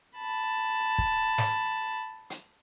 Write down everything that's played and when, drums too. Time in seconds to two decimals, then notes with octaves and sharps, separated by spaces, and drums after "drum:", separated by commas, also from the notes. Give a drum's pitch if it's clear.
0.17 A5 B5
0.98 drum: kick
1.38 drum: snare
2.30 drum: hi-hat